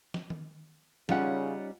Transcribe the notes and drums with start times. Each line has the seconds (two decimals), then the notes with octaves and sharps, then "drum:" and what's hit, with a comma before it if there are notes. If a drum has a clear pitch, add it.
0.14 drum: snare
0.30 drum: tom D#3
1.09 C#3 G3 C#4 D#4 F4 F#5, drum: snare